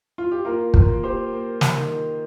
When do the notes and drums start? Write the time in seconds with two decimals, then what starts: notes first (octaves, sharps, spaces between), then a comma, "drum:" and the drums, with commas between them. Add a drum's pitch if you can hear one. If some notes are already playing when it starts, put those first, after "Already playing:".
0.18 F4
0.31 G4
0.45 A#3 F4 A#4
0.74 F4 A#4, drum: kick
0.89 A#3
1.03 G4 C5
1.33 A#3
1.61 drum: snare
1.76 D#3